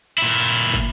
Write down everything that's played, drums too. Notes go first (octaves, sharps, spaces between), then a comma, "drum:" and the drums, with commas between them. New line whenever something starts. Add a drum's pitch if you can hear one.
A#2 E4
drum: kick